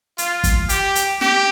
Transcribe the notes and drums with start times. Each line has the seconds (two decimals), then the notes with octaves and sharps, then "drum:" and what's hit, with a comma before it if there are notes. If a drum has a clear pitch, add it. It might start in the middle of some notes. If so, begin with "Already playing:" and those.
0.18 F4, drum: hi-hat
0.44 drum: kick, hi-hat
0.69 G4, drum: hi-hat
0.95 drum: hi-hat
1.21 G4, drum: snare